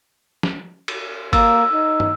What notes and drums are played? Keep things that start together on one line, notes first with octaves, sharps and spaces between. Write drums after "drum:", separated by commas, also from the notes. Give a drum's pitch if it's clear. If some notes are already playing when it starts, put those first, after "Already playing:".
drum: snare
drum: cymbal
A#3 E6, drum: kick G1, cymbal
D#4
drum: tom